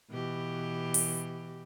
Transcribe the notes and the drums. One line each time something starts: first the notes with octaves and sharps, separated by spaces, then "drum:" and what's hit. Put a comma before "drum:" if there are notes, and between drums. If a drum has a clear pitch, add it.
B2 E3 G4
drum: open hi-hat